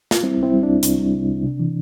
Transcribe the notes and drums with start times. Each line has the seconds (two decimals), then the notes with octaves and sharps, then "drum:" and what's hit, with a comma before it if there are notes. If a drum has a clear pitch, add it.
0.11 F4, drum: snare
0.23 G3 C4 E4
0.37 C2
0.43 C4 E4
0.53 G3
0.63 C2 D4
0.83 C2, drum: hi-hat
0.99 G3
1.14 C3
1.29 C2
1.43 C3
1.59 E3